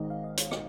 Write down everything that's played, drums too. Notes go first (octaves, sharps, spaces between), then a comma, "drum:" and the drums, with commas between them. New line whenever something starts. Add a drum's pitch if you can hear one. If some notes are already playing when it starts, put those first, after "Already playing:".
Already playing: G#1 G#2 D#3 D#5
F5
D#5
C#5, drum: hi-hat
D#5, drum: rim click